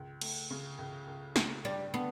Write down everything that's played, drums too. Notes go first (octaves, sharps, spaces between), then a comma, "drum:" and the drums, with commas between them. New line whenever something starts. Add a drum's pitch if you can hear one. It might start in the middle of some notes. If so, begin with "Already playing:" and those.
Already playing: C#2
A3, drum: cymbal
C#3
C#2
C#2
C#2, drum: snare
G2 G3
D3 B3